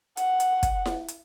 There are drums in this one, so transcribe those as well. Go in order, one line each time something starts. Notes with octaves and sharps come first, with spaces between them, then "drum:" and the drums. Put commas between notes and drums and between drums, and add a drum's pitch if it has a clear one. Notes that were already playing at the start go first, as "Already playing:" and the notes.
F#5, drum: hi-hat
drum: hi-hat
drum: kick, hi-hat
drum: snare E4
drum: hi-hat